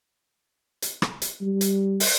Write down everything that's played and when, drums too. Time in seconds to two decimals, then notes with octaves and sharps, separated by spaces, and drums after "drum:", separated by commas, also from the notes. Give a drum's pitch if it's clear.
0.82 drum: hi-hat
1.02 drum: rim click
1.22 drum: hi-hat
1.41 G3
1.61 drum: hi-hat
2.00 drum: open hi-hat